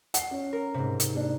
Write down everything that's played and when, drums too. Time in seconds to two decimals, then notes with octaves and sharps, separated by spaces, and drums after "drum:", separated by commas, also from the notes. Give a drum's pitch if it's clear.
0.14 F#5 C7, drum: hi-hat
0.31 C#4
0.53 A#4
0.74 G#2 C3
1.00 drum: hi-hat
1.15 A#3 D4